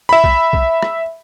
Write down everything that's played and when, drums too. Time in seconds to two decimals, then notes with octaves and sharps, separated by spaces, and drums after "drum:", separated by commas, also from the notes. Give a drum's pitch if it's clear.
0.09 E5 B5
0.24 drum: kick B1
0.53 drum: kick B1
0.83 drum: rim click